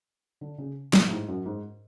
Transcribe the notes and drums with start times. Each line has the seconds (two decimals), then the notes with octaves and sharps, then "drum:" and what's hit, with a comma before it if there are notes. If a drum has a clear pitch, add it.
0.41 D3
0.58 C#3
0.93 A2, drum: snare
1.05 A2
1.11 G#2
1.28 F#2
1.46 G#2